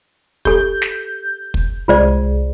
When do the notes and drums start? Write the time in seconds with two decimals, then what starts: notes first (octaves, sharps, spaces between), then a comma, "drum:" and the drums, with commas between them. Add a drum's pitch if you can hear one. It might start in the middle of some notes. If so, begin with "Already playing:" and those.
0.45 G4 A4 G6, drum: kick
0.82 drum: snare
1.54 drum: kick
1.88 C2 G#3 F4 C5 D5